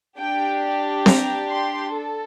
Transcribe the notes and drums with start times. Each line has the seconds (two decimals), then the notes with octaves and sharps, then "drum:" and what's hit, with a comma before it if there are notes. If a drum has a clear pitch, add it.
0.17 D4 G4 G5
1.06 A#5, drum: snare C4
1.50 C6
1.95 A4